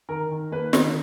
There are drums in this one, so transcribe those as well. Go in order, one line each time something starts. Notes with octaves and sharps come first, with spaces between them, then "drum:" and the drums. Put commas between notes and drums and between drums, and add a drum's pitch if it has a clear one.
D#3 A#4
D#3
A#3 B4
D#3, drum: snare